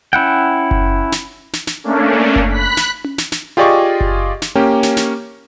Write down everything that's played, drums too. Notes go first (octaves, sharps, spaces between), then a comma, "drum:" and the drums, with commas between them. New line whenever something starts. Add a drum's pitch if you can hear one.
C#4 E4 F#5 G5
drum: kick F#1
drum: snare
drum: snare
drum: snare
A3 A#3 C#4 D4
drum: kick F#1
B5 F#6 B6
drum: snare
drum: tom C#4
drum: snare
drum: snare
F4 G4 G#4 D5 D#5 C#6
drum: kick F#1
drum: snare
A#3 C#4 G4
drum: snare
drum: snare